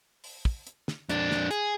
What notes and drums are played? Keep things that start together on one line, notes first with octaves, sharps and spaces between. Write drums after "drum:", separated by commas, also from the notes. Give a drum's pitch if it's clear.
drum: open hi-hat
drum: kick
drum: hi-hat
drum: snare
F2 D4, drum: hi-hat
drum: snare
G#4, drum: hi-hat